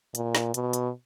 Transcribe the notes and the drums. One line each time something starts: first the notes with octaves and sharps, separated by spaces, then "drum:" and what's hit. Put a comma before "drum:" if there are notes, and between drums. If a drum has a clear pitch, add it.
A#2, drum: hi-hat
drum: snare
B2, drum: hi-hat
drum: hi-hat